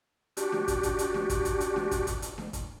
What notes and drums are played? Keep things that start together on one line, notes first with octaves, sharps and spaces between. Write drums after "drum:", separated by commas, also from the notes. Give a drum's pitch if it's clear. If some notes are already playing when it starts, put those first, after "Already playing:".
D4 F#4 G4, drum: hi-hat
drum: snare D4
drum: kick, hi-hat
drum: kick, hi-hat
drum: hi-hat
drum: snare D4
drum: kick, hi-hat
drum: kick, hi-hat
drum: hi-hat
drum: snare D4
drum: kick, hi-hat
drum: kick, hi-hat
drum: hi-hat
drum: snare D4
drum: kick, hi-hat